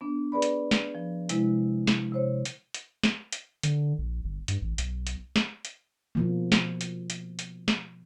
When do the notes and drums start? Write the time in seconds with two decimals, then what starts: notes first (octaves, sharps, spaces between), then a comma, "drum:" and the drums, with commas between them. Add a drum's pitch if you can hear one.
0.01 B3 D4
0.32 G#4 B4 D5 B5
0.42 drum: hi-hat
0.71 drum: snare
0.95 F3
1.29 C3 G#3 E4, drum: hi-hat
1.87 drum: snare
2.12 C3 C5 C#5
2.45 drum: hi-hat
2.74 drum: hi-hat
3.03 drum: snare
3.32 drum: hi-hat
3.63 D3, drum: hi-hat
3.99 A#1
4.25 G1
4.48 G2, drum: hi-hat
4.62 A1
4.78 B1, drum: hi-hat
5.07 drum: hi-hat
5.36 drum: snare
5.65 drum: hi-hat
6.15 B2 F3 A#3
6.52 drum: snare
6.81 drum: hi-hat
7.10 drum: hi-hat
7.39 drum: hi-hat
7.68 drum: snare